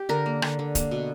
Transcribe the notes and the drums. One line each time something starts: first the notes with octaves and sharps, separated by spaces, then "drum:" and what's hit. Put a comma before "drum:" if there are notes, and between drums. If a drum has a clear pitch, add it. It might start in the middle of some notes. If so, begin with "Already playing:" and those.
Already playing: G4
D3 A#4
A#3
D3, drum: rim click
D3
A#3, drum: kick, hi-hat
B2